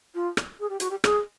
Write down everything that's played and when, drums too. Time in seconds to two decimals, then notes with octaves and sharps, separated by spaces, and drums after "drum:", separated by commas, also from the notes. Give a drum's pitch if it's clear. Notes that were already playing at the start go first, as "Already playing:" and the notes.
0.14 F4
0.37 drum: rim click
0.60 G#4
0.69 G4
0.80 F#4, drum: hi-hat
0.90 G4
1.04 G#4, drum: rim click